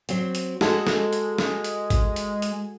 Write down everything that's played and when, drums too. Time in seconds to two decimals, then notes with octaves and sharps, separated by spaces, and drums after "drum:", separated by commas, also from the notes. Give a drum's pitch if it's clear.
0.09 F#3 C4, drum: hi-hat
0.35 drum: hi-hat
0.61 G#3 F#4 G#4 A4, drum: snare
0.87 drum: snare
1.13 drum: hi-hat
1.38 drum: snare
1.64 drum: hi-hat
1.90 drum: kick G#1, hi-hat
2.16 drum: hi-hat
2.42 drum: hi-hat